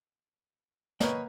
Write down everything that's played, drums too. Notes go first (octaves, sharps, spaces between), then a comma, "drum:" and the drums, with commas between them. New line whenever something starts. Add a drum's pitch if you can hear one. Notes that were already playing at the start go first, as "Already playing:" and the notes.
A#3 B4 C#5 D#5 G5, drum: snare